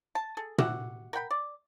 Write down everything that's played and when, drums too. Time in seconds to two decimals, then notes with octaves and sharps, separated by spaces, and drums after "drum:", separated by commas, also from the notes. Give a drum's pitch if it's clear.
0.15 A5
0.37 G#4 A4
0.58 F#4 G4 E5 F#5, drum: tom A#2
1.13 A#4 F#5 G5 B5
1.31 D5